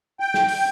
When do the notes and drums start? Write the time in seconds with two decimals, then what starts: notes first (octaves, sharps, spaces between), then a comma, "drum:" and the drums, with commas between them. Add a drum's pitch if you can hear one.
0.20 G5
0.34 drum: snare
0.48 drum: open hi-hat